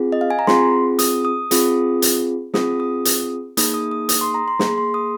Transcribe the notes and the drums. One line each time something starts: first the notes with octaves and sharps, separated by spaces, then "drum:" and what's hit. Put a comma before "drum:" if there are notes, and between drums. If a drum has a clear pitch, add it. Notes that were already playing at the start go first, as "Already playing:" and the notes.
Already playing: C4 F4 G#4
D#5
F5
G#5
A#5
C4 F4 G#4 C6, drum: snare
D#6, drum: hi-hat
D#6
C4 F4 G#4, drum: hi-hat
drum: hi-hat
C4 F4 G#4 D#6, drum: snare
D#6
drum: hi-hat
A#3 D#4 G#4 D#6, drum: hi-hat
D#6
D#6
D#6, drum: hi-hat
C6
A#5
C6
A#3 G#4, drum: snare
C6
D#6